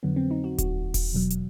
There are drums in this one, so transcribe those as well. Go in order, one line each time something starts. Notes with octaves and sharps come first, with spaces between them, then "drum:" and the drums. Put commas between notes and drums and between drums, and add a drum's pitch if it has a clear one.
F2 D3 F#3 B3
C4
D#4
F#4
F#4, drum: kick D#1, hi-hat
drum: kick D#1, open hi-hat
E2 B2 F#3
drum: hi-hat